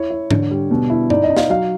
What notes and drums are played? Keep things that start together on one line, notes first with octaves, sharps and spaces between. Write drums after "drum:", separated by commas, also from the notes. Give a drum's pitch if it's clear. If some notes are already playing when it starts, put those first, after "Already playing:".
Already playing: E4 C#5
E4
D3, drum: tom G#2
G3
B2
E4
D#4 D5, drum: tom G2
D#5
D#4
F5, drum: snare
F#3 F5